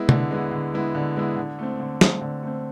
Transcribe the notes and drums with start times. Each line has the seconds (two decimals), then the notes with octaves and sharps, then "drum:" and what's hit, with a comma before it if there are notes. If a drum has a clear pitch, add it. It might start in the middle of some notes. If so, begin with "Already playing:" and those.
Already playing: G#3 B3 E4
0.09 D3, drum: tom C3
0.31 G#3 B3 E4
0.52 D3
0.74 G#3 B3 E4
0.95 D3
1.16 G#3 B3 E4
1.37 D3
1.59 A3 C4
1.80 D3
2.01 A3 C4, drum: snare
2.21 D3
2.43 A3 C4